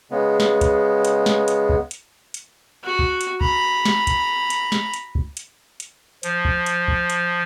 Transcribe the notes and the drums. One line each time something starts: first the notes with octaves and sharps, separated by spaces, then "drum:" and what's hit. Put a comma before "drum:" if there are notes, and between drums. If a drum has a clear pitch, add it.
C#3 G#3 B3
drum: snare
drum: kick, hi-hat
drum: hi-hat
drum: snare
drum: hi-hat
drum: kick
drum: hi-hat
drum: hi-hat
F#4
drum: kick
drum: hi-hat
A#5 B5, drum: kick
drum: snare
drum: kick, hi-hat
drum: hi-hat
drum: snare
drum: hi-hat
drum: kick
drum: hi-hat
drum: hi-hat
F3, drum: hi-hat
drum: kick
drum: hi-hat
drum: kick
drum: hi-hat